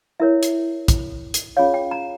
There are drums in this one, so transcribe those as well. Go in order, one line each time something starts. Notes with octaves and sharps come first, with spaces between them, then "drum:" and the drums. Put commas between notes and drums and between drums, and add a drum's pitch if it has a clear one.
E4 A#4 C#5 E5
drum: hi-hat
drum: kick, hi-hat
drum: hi-hat
C#4 F4 G#4 C#5 F5
G5
A#5